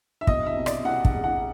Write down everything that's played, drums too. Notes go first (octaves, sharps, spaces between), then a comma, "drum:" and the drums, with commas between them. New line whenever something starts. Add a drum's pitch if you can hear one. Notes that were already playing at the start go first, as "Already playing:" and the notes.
E5
B2 D#5, drum: kick
E5
C2
D5, drum: rim click
C2 F#5
F#5, drum: kick
G#3
F#5